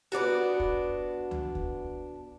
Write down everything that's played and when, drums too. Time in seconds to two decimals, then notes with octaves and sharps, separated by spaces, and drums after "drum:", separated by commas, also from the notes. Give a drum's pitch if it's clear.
0.12 B3 D4 F4 F#4
0.60 drum: kick
1.31 drum: tom C#2
1.55 drum: kick